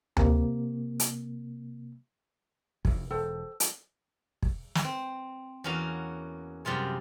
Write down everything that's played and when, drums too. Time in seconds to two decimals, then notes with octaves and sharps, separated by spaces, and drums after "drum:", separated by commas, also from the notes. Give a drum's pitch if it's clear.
0.17 C3 A#3, drum: tom D2
1.00 drum: hi-hat
2.85 F1 D2, drum: kick
3.11 E1 A4 C5 G5
3.60 drum: hi-hat
4.43 drum: kick
4.75 drum: snare
4.84 C4
5.64 E2 A#3 C#4 F#4 F5
6.65 F#2 C3 G3 F4 G#4